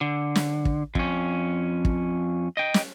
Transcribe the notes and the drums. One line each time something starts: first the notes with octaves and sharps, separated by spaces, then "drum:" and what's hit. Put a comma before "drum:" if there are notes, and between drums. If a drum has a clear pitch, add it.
D3
drum: snare
drum: kick
F2 C#4, drum: kick
drum: kick
D#5 G5
drum: snare